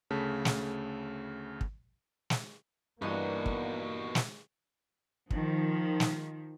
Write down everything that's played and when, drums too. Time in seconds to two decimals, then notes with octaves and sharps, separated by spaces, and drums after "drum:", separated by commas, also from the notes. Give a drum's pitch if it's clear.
0.10 D2 C#3 A3 A5 B6
0.45 drum: snare
1.61 drum: kick
2.30 drum: snare
3.02 G2 E3 A#3 B3 D4 D#4 F#4 D#5
3.46 drum: kick
4.15 drum: snare
5.31 D#3 F3, drum: kick
6.00 drum: snare